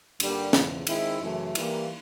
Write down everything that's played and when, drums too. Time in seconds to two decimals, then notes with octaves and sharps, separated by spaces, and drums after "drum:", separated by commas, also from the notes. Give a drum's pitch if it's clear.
0.20 G2 D3 G3 A#3, drum: cymbal
0.53 E2 C#3 F3, drum: snare
0.87 D#3 G#3 C4 E4, drum: cymbal
1.21 F#2 C#3 E3 A3
1.55 E3 G3 A#3, drum: cymbal